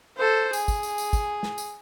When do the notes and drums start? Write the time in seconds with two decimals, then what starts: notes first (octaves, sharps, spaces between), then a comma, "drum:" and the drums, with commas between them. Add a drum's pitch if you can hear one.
0.17 A4 C5
0.53 G#4, drum: tambourine
0.68 drum: kick, tambourine
0.83 drum: tambourine
0.98 drum: tambourine
1.13 drum: kick, tambourine
1.43 drum: snare
1.58 drum: tambourine